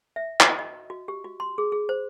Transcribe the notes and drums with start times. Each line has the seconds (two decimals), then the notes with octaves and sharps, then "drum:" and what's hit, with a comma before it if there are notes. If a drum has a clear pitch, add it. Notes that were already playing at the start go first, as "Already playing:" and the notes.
0.16 E5
0.41 F#4, drum: clap
0.59 D#5
0.90 F#4
1.08 G4
1.25 F#4
1.40 C6
1.58 G#4
1.72 G#4
1.89 C5